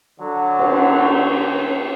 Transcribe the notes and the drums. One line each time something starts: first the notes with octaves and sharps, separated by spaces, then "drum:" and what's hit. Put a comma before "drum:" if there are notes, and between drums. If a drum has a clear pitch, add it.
D3 F#3
drum: cymbal